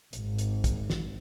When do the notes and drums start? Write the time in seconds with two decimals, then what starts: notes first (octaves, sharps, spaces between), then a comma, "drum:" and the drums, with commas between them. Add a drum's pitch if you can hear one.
0.13 G#1, drum: hi-hat
0.38 drum: hi-hat
0.64 drum: kick, hi-hat
0.90 drum: snare